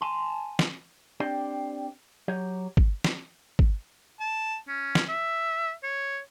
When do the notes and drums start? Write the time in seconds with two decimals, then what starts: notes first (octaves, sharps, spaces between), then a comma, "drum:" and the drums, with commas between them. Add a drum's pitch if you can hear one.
0.01 G#5 A5 C6
0.59 drum: snare
1.20 C4 D4 G4 C5 D5 G5
2.28 F#3 G4 C#5
2.77 drum: kick
3.04 drum: snare
3.59 drum: kick
4.20 A5
4.68 C#4
4.95 drum: snare
5.08 E5
5.83 C#5